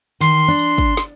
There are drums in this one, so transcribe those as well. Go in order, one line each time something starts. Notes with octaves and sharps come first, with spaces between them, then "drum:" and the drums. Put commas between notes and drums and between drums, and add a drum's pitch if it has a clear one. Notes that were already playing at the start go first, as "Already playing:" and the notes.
D#3 C6
D4
drum: hi-hat
drum: kick, hi-hat
drum: snare